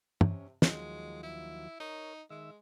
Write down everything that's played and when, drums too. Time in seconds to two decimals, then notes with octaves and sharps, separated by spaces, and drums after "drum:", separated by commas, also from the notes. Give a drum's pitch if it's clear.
0.21 C3 C#4, drum: tom
0.62 D#2 F3 F#3 G#3, drum: snare
1.23 E4
1.80 D#4 A#4 C#5
2.30 D#3 G#3 E5 E6